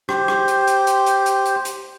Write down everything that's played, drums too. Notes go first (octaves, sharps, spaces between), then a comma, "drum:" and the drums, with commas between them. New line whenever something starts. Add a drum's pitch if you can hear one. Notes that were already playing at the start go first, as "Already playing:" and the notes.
G4 C5, drum: rim click
drum: rim click
drum: hi-hat
drum: hi-hat
drum: hi-hat
drum: hi-hat
drum: hi-hat
drum: hi-hat
drum: hi-hat